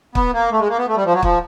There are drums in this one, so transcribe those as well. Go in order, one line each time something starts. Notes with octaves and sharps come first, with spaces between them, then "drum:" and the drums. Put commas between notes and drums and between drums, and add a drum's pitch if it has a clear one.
B3, drum: kick
A#3
A3
G#3
A#3
B3
A3
G3
F3
F#3
F3, drum: kick